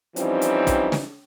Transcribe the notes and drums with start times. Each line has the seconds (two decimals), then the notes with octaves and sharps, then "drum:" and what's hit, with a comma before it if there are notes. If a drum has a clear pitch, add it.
0.16 E3 F3 G3 C4 C#4 D#4, drum: hi-hat
0.42 drum: hi-hat
0.67 drum: kick, hi-hat
0.92 drum: snare